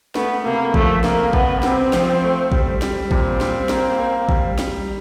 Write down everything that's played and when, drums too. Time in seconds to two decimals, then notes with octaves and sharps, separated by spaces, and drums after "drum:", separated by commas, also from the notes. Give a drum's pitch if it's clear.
0.15 A3 B3, drum: snare
0.45 C3 A#3
0.74 F3 A3, drum: kick A1
1.04 C2 A#3, drum: snare
1.33 C2 B3, drum: kick A1
1.63 C3 C4, drum: snare
1.93 F3, drum: snare
2.23 A3
2.52 G3, drum: kick A1
2.82 G3, drum: snare
3.11 A#2 C4, drum: kick A1
3.41 G3, drum: snare
3.69 A#3, drum: snare
3.99 A#3
4.29 G3, drum: kick A1
4.59 G3, drum: snare